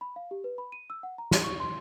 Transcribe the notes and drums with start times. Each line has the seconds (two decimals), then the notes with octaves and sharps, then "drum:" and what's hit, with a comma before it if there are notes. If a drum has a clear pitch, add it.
0.01 B5
0.16 F5
0.31 G4
0.44 B4
0.58 B5
0.72 D#7
0.90 E6
1.03 F#5
1.18 A#5
1.31 C6, drum: snare
1.44 C#6
1.60 C6